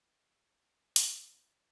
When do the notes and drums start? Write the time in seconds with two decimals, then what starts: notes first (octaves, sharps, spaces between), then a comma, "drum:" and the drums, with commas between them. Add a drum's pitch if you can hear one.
0.17 G3 F#4 A5
0.49 C5 G5
0.96 B3 A4 B4, drum: hi-hat
1.32 G#5